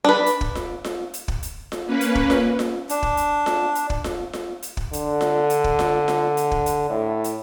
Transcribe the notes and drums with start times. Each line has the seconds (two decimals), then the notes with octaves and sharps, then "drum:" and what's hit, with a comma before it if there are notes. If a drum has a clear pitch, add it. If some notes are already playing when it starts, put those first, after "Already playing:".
0.05 D4 B4
0.26 drum: hi-hat
0.41 drum: kick
0.55 drum: snare F4
0.84 drum: snare F4
1.14 drum: hi-hat
1.28 drum: kick
1.43 drum: hi-hat
1.72 drum: snare F4
1.86 A#3 C#4 B4
2.01 drum: hi-hat
2.15 drum: kick
2.30 drum: snare F4
2.59 drum: snare F4
2.89 D4, drum: hi-hat
3.03 drum: kick
3.17 drum: hi-hat
3.46 drum: snare F4
3.75 drum: hi-hat
3.90 drum: kick
4.04 drum: snare F4
4.33 drum: snare F4
4.62 drum: hi-hat
4.77 drum: kick
4.93 D3, drum: hi-hat
5.21 drum: snare F4
5.50 drum: hi-hat
5.64 drum: kick
5.79 drum: snare F4
6.08 drum: snare F4
6.37 drum: hi-hat
6.51 drum: kick
6.66 drum: hi-hat
6.90 A2
7.24 drum: hi-hat